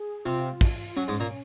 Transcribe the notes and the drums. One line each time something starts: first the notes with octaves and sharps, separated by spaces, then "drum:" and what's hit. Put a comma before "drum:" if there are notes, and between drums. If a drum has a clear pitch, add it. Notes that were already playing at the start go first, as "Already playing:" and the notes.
Already playing: G#4
C3 C4 F4
drum: kick, open hi-hat
F#3 C#4
G#2 G#3
A#2 A#3